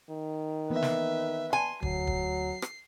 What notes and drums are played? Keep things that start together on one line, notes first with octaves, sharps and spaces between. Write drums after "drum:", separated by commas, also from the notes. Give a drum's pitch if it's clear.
D#3
E3 A#3 B3 B4 E5
drum: snare
G#5 C6
D2 F#3 C7, drum: kick
drum: kick
drum: rim click